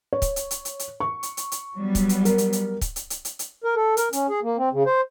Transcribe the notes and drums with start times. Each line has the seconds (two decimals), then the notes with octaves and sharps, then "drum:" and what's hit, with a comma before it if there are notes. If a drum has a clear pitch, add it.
0.13 C#5
0.22 drum: kick C#1, hi-hat
0.36 drum: hi-hat
0.51 drum: hi-hat
0.65 drum: hi-hat
0.79 drum: hi-hat
1.00 C#6
1.23 drum: hi-hat
1.37 drum: hi-hat
1.52 drum: hi-hat
1.74 F#3 G3 B3
1.95 drum: kick C#1, hi-hat
2.09 drum: hi-hat
2.25 A#4, drum: hi-hat
2.38 drum: hi-hat
2.53 drum: hi-hat
2.81 drum: kick C#1, hi-hat
2.96 drum: hi-hat
3.10 drum: hi-hat
3.25 drum: hi-hat
3.39 drum: hi-hat
3.64 A#4
3.76 A4
3.97 A#4, drum: hi-hat
4.13 C#4, drum: hi-hat
4.29 G#4
4.43 A#3
4.58 C4
4.73 C#3
4.86 C5